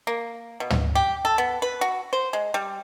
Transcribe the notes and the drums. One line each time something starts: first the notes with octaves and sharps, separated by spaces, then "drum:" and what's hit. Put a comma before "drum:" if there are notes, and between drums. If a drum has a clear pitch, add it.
A#3
B2
drum: tom
G4
A4
B3
B4
F#4
C5
G#3
G3